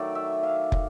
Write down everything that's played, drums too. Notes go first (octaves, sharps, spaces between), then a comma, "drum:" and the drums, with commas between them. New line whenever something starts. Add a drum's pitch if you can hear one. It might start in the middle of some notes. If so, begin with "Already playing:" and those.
Already playing: D#3 F#3 A3 D5
E5
F5
drum: kick